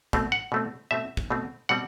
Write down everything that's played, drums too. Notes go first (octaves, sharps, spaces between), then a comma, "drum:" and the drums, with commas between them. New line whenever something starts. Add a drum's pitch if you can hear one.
B2 A3 C4, drum: kick
F#5
B2 A3 C4
B2 A3 C4 E5
drum: kick
B2 A3 C4
B2 G3 C4 F#5